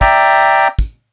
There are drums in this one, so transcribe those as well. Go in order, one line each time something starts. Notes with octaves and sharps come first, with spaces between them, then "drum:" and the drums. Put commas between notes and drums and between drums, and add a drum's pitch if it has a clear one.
D5 E5 G5 A#5, drum: kick, tambourine
drum: tambourine
drum: tambourine
drum: tambourine
drum: kick, tambourine